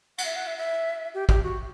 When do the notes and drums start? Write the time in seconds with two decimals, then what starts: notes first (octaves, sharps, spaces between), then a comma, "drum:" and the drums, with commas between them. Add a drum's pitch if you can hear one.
0.18 F#5, drum: cymbal
0.25 E5
0.36 F#5
0.47 E5
0.58 E5
1.14 G4
1.29 G4, drum: kick
1.44 F#4